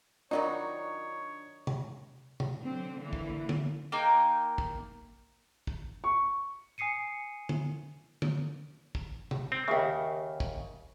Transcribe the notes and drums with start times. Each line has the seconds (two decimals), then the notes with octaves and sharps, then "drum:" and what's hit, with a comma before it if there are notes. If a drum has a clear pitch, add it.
0.31 D#3 F#3 D4 D#4 F4 C#5 D5 B5
1.67 drum: tom C3
2.40 drum: tom C3
2.64 D3 F#3 C4
2.98 D3 E3 A#3
3.13 drum: kick
3.49 drum: tom
3.92 A#3 D#4 G5
4.58 drum: kick
5.67 drum: kick
6.04 C#6
6.78 G#5 D#6 C7 C#7 D#7
7.49 drum: tom
8.22 drum: tom
8.95 drum: kick
9.31 drum: tom C3
9.52 C4
9.68 D#2 C#3 G4 A#4 E5
10.40 drum: kick